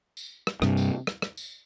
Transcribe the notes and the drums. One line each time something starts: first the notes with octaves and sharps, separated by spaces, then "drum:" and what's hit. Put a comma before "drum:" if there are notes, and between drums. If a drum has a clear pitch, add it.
drum: tambourine
drum: rim click
G2 C3, drum: rim click
drum: tambourine
drum: rim click
drum: rim click
drum: tambourine